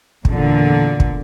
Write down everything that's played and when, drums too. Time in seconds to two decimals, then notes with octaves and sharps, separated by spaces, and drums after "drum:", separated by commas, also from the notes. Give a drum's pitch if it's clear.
0.25 E2 A#2 D3, drum: kick
1.00 drum: kick